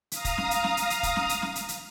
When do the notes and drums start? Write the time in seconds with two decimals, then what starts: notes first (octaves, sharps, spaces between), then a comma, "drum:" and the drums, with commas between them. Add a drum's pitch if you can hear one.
0.12 F5 A#5 D#6, drum: hi-hat
0.25 drum: kick, hi-hat
0.38 drum: snare
0.51 drum: hi-hat
0.64 drum: snare
0.77 drum: hi-hat
0.90 drum: hi-hat
1.03 drum: kick, hi-hat
1.16 drum: snare
1.29 drum: hi-hat
1.42 drum: snare
1.55 drum: hi-hat
1.68 drum: hi-hat